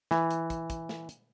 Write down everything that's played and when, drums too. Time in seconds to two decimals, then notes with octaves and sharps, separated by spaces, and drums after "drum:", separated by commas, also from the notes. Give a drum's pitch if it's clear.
0.11 E3, drum: snare
0.31 drum: hi-hat
0.50 drum: kick, hi-hat
0.70 drum: kick, hi-hat
0.89 drum: snare
1.09 drum: hi-hat